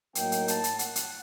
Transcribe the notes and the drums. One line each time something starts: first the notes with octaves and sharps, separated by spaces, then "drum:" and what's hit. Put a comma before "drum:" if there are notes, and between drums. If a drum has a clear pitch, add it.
A2 F#3 A#3 D#4 G5, drum: hi-hat
drum: hi-hat
A5, drum: hi-hat
drum: hi-hat
F#5, drum: hi-hat
drum: hi-hat